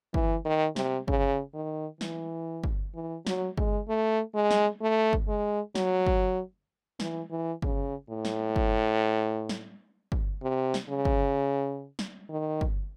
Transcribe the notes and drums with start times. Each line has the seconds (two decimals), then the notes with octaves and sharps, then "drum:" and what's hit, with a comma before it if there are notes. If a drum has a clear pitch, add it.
0.14 E3, drum: kick
0.45 D#3
0.76 C3, drum: snare
1.08 C#3, drum: kick
1.54 D#3
2.01 E3, drum: snare
2.64 drum: kick
2.95 E3
3.27 F#3, drum: snare
3.58 G#3, drum: kick
3.88 A3
4.34 G#3
4.51 drum: snare
4.81 A3
5.13 drum: kick
5.28 G#3
5.75 F#3, drum: snare
6.06 drum: kick
7.00 E3, drum: snare
7.31 E3
7.62 C#3, drum: kick
8.10 A2
8.25 drum: snare
8.56 drum: kick
9.49 drum: snare
10.12 drum: kick
10.43 C3
10.74 drum: snare
10.89 C#3
11.05 drum: kick
11.99 drum: snare
12.30 D#3
12.61 drum: kick